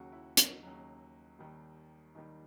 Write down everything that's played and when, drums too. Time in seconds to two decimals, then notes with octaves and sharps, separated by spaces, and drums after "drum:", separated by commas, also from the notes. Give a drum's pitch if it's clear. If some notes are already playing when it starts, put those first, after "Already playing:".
Already playing: D#2 C#3 F#3 F#4
0.12 E4
0.37 D#4, drum: hi-hat
0.63 D#2 C#3 F#3
1.39 D#2 D#3 G3
2.15 D#2 D#3 G3 D#4